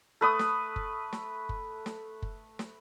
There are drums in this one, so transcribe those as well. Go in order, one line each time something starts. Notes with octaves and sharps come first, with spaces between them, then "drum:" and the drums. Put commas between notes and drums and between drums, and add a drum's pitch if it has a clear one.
A3 B4 D#6
drum: snare
drum: kick F#1
drum: snare
drum: kick F#1
drum: snare
drum: kick F#1
drum: snare